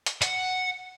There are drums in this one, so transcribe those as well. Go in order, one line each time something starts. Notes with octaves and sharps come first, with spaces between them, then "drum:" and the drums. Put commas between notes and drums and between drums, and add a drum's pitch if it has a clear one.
drum: hi-hat
F#5, drum: hi-hat